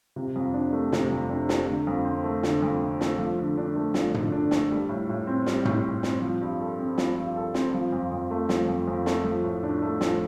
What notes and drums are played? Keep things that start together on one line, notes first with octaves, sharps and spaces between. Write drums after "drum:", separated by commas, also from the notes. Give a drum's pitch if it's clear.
C3
F2
D4
A3
C3, drum: snare
F2
D4
A3, drum: snare
D3
F2
C4
A3
D3, drum: snare
F2
C4
A3, drum: snare
F3
D3
D4
A3
F3, drum: snare
D3, drum: tom
D4
A3, drum: snare
G3
A2
A2
C4
G3, drum: snare
A2, drum: tom
A2
C4, drum: snare
F3
G2
A4
C4
F3, drum: snare
G2
A4
C4, drum: snare
F3
F2
F2
A3
F3, drum: snare
F2
F2
A3, drum: snare
F3
A2
D4
A3
F3, drum: snare